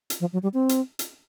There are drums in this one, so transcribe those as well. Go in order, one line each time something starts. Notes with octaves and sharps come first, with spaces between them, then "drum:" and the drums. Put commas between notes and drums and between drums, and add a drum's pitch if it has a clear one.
drum: hi-hat
F3
F#3
G3
C4
drum: hi-hat
drum: hi-hat